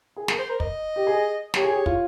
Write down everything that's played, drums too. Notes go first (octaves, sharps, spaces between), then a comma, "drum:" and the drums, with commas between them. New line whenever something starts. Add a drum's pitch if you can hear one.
G#4
A#4, drum: snare
C5
A#4
D#5, drum: kick
G4
G#4
G4 C#5, drum: snare
G#4
G4
F4, drum: kick